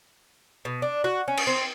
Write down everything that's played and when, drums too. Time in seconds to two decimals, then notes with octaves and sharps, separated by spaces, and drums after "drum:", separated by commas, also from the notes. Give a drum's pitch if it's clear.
0.65 B2
0.82 D4
1.04 F#4
1.28 C#4
1.37 drum: cymbal
1.47 C4